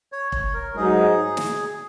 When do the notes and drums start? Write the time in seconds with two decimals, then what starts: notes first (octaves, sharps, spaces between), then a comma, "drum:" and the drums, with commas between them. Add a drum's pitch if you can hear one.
0.12 C#5
0.32 C#5, drum: kick
0.54 A#4
0.75 G#2 F#3 D#4 F#4 G#4
1.37 drum: snare